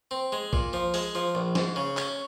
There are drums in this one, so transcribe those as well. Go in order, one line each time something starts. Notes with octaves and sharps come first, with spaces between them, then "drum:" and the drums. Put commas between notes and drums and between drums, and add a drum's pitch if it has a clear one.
C4
G#3
A#2, drum: kick
F3
G#3, drum: open hi-hat
F3
A#1
G#2, drum: snare
C#3
C#4, drum: clap